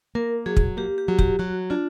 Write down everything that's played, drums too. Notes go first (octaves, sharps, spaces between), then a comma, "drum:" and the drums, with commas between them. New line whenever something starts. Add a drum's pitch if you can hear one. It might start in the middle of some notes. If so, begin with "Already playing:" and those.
A#3 A#4
F#3 G#4
drum: kick
A#3 G4
G4
F#3
G4, drum: kick
F#3 F#4
D4 F4